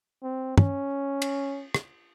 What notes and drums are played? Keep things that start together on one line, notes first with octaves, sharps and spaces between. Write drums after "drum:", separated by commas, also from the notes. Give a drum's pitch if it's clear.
C4
C#4, drum: tom
drum: cymbal
drum: rim click